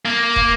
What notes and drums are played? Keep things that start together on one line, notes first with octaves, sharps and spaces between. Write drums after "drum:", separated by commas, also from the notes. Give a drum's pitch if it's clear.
A#3
drum: kick